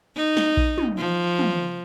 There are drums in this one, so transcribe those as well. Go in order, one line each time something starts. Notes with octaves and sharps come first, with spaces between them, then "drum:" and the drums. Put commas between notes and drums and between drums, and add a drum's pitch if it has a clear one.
D#4
drum: snare
drum: kick A#1
drum: tom
F3
drum: tom